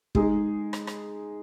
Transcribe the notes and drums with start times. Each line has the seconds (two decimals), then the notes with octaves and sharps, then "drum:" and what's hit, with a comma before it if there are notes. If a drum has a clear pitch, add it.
0.15 G#3 D#4 G#4, drum: kick
0.73 drum: rim click
0.87 drum: rim click